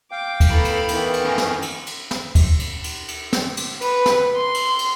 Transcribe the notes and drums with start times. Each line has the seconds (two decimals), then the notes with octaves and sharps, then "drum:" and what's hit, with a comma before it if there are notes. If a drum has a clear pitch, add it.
0.11 F5 G5 D6
0.40 drum: kick D2, cymbal
0.51 A3 B3 E4 A4 A#5 B5
0.65 drum: cymbal
0.88 D#3 E3 B3 E4 A4, drum: cymbal
1.13 drum: cymbal
1.25 C#4 A#4
1.38 drum: snare
1.62 drum: cymbal
1.87 drum: cymbal
2.11 drum: snare
2.35 drum: kick D2, cymbal
2.60 drum: cymbal
2.84 drum: cymbal
3.08 drum: cymbal
3.33 drum: snare
3.57 drum: cymbal
3.81 B4, drum: cymbal
4.06 drum: snare
4.36 C6
4.54 drum: cymbal
4.79 drum: cymbal